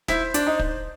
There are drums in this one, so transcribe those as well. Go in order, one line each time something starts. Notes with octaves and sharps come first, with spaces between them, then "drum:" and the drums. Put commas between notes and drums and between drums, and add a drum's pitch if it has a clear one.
E4 C5, drum: snare
D4, drum: hi-hat
D#4
drum: kick